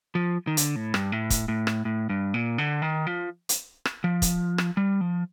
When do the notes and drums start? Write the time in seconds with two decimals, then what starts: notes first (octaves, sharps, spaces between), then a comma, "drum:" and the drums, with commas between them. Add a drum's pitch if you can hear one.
0.15 F3
0.47 D#3
0.57 D3, drum: hi-hat
0.76 A2
0.94 G2, drum: rim click
1.12 A2
1.30 drum: kick, hi-hat
1.48 A2
1.67 drum: rim click
1.85 A2
2.09 G2
2.34 A#2
2.58 D3
2.82 D#3
3.07 F3
3.49 drum: hi-hat
3.85 drum: rim click
4.04 F3
4.22 drum: kick, hi-hat
4.58 drum: rim click
4.77 G3
5.01 F3